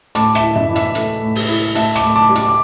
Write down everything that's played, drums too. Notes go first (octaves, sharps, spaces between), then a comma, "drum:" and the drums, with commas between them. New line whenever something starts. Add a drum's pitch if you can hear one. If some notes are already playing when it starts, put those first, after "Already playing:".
A2 A5 D6, drum: hi-hat
E5 A5, drum: rim click
E4
E5, drum: tom F#2
E3
E5, drum: hi-hat
A3, drum: hi-hat
A2
drum: open hi-hat
E4
A2 E5 A5, drum: hi-hat
A5 D6, drum: rim click
A2
A5 D6
G3
A5 D6, drum: hi-hat
D6